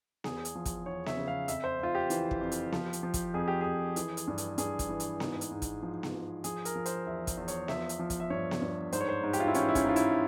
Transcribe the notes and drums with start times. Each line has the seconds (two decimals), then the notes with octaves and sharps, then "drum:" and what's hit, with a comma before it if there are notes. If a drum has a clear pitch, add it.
0.24 E2 G#4, drum: snare B3
0.45 drum: hi-hat
0.55 F3
0.65 drum: kick, hi-hat
0.86 E2 C#5
1.06 E5, drum: snare B3
1.17 C#3
1.28 F5
1.48 F2 E5, drum: hi-hat
1.64 C5
1.79 F2 F4
1.95 G4
2.10 E3, drum: hi-hat
2.31 drum: kick
2.41 F2
2.52 drum: hi-hat
2.72 F3, drum: snare B3
2.93 drum: hi-hat
3.03 F3
3.14 drum: kick, hi-hat
3.34 F2 G#4
3.48 G4
3.61 F2 G#4
3.96 E3, drum: hi-hat
4.17 drum: hi-hat
4.27 G2
4.38 drum: hi-hat
4.58 G2 G#4, drum: hi-hat
4.79 drum: kick, hi-hat
4.89 E3
5.00 drum: hi-hat
5.20 G#2, drum: snare B3
5.41 drum: hi-hat
5.51 G#2
5.62 drum: kick, hi-hat
5.83 F3
6.03 drum: snare B3
6.14 F3
6.44 F3 G#4, drum: hi-hat
6.65 A#4, drum: hi-hat
6.76 F3
6.86 C5, drum: hi-hat
7.06 E2 E5
7.27 drum: kick, hi-hat
7.37 E2
7.48 C#5, drum: hi-hat
7.68 F3 E5, drum: snare B3
7.89 drum: hi-hat
7.99 F3
8.10 drum: kick, hi-hat
8.20 E5
8.30 G2 C#5
8.51 drum: snare B3
8.62 G2
8.92 G#2 C5, drum: hi-hat
9.01 C#5
9.09 C5
9.23 G#2
9.33 G4, drum: hi-hat
9.40 F4
9.47 E4
9.54 E3 C#4, drum: hi-hat
9.69 E4
9.75 C#4, drum: kick, hi-hat
9.86 G#2 F4
9.96 E4, drum: hi-hat